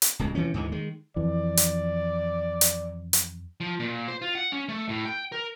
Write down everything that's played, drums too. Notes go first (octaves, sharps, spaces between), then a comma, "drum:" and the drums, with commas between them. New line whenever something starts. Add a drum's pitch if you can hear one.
drum: hi-hat
D1 C#2 G#3
C3 E3 F#3 C#4
D2 G#2 D3 E3
D#3 G#3
F2 E3 D5
drum: hi-hat
drum: hi-hat
drum: hi-hat
F3
A#2
C5
F4
F#5
C#4
A3
A2
G5
A#4